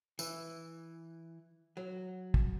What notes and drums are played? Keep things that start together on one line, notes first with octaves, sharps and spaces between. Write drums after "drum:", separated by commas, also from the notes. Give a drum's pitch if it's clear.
E3, drum: tambourine
F#3
drum: kick